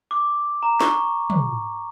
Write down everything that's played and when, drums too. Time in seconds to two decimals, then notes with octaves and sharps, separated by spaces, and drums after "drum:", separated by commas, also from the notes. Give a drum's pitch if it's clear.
0.11 D6
0.63 A#5
0.80 C#6, drum: snare
1.30 drum: tom